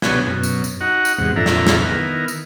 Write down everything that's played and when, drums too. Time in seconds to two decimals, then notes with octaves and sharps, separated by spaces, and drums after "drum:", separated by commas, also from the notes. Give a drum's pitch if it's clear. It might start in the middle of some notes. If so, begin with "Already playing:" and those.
0.02 B2 G3 B3 D4 C#5 G#5, drum: snare
0.27 F#2 B2
0.43 drum: tambourine
0.64 drum: tambourine
0.81 D#4 F#4 F#5
1.05 drum: tambourine
1.18 E2 G#2 C3 F#5
1.36 F2 A#2 D4 A4 E5 A#5
1.46 drum: snare
1.67 drum: snare
1.82 D#3 B3 E4 A#4
2.28 drum: tambourine